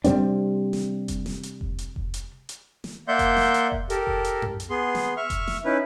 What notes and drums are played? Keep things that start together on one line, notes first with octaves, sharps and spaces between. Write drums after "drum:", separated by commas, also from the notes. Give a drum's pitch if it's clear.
C3 G3 C4 D4, drum: hi-hat
drum: snare
drum: kick F1, hi-hat
drum: snare
drum: hi-hat
drum: kick F1
drum: hi-hat
drum: kick F1
drum: hi-hat
drum: hi-hat
drum: snare
A#3 D5 E5 F#5 C6 G6
drum: kick F1, hi-hat
drum: snare
drum: hi-hat
drum: kick F1
G4 A4 A#4, drum: hi-hat
drum: kick F1
drum: hi-hat
drum: tom F#2
drum: hi-hat
B3 G#4 C6
drum: snare
E5 C#6 F6
drum: kick F1, hi-hat
drum: snare
C#4 D#4 E4 B4